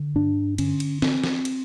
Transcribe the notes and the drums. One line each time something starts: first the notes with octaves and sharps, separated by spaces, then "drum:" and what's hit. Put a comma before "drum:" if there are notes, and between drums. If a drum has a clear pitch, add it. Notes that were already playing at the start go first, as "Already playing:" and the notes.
Already playing: D3
G2 D4
D3 C#4, drum: cymbal
drum: cymbal
C4, drum: snare
drum: snare
drum: cymbal